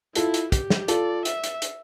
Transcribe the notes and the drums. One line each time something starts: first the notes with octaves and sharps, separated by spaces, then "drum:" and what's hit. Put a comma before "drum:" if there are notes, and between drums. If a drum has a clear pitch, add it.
E4 F4 A4, drum: hi-hat
drum: hi-hat
G4, drum: kick, hi-hat
drum: snare
F4 A4 D5, drum: hi-hat
E5, drum: hi-hat
drum: hi-hat
drum: hi-hat